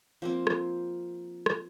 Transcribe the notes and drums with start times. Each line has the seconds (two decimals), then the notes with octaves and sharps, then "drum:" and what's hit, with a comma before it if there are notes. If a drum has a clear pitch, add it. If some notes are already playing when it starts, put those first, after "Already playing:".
0.22 F3 A#3 C4
0.47 drum: rim click
1.46 drum: rim click